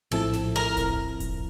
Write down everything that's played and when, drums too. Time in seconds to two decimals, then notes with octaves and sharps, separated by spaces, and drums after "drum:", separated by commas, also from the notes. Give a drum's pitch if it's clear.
0.11 A#1 A2 F3 C4 E4 A4
0.33 drum: snare
0.56 A#4
0.77 drum: kick D#1, hi-hat
1.20 drum: kick D#1, hi-hat